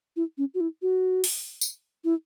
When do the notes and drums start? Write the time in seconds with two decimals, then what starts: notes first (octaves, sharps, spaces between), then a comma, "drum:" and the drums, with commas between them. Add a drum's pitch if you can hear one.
0.16 E4
0.38 C#4
0.54 F#4
0.60 E4
0.82 F#4
1.24 drum: open hi-hat
1.61 drum: tambourine
2.04 E4